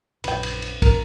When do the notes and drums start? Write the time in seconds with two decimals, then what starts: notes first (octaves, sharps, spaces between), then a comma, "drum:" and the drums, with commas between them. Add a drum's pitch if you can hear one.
0.24 A#1 F#2 C#3 B4 G5, drum: cymbal
0.43 drum: cymbal
0.62 drum: cymbal
0.82 A1 F2 A#4, drum: kick, cymbal